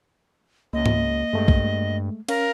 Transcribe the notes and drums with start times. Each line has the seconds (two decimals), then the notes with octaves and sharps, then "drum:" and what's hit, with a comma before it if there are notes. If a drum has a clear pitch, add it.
0.73 C#2 A#3 D#5
0.86 drum: tom G#2
1.33 G2 G#3 A3
1.48 drum: kick A#1
2.29 C#4 A#4 F5, drum: cymbal